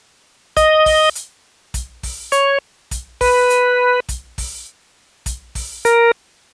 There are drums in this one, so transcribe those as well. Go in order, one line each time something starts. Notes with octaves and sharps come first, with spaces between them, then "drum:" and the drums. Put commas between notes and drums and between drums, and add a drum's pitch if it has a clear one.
D#5, drum: kick, hi-hat
drum: kick, open hi-hat
drum: hi-hat
drum: kick, hi-hat
drum: kick, open hi-hat
C#5, drum: hi-hat
drum: kick, hi-hat
B4, drum: kick, open hi-hat
drum: hi-hat
drum: kick, hi-hat
drum: kick, open hi-hat
drum: kick, hi-hat
drum: kick, open hi-hat
A#4, drum: hi-hat